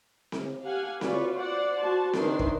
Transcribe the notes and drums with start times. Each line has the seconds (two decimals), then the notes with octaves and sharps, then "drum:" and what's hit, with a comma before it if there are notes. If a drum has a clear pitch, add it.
0.32 drum: snare C4
0.64 G4 F5 F#5 G#5
1.01 F4 F#4 B4 C#5 D5, drum: snare C4
1.34 C5 D5 F#5
1.80 F#4 C5 A5
2.13 D#3 E3 D4 B4 C5 C6, drum: snare C4
2.39 drum: kick